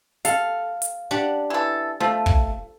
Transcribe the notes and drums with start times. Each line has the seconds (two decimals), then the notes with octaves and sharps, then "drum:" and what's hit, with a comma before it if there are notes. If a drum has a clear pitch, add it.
0.25 A4 F5, drum: hi-hat
0.82 drum: hi-hat
1.11 D4 G4 F#5
1.50 E3 A4
2.00 F3 A3
2.26 drum: kick